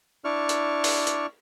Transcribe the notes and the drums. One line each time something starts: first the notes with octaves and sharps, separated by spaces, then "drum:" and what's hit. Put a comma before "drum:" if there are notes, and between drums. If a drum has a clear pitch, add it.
D4 E4 D5 C#6 F6
drum: hi-hat
drum: open hi-hat
drum: hi-hat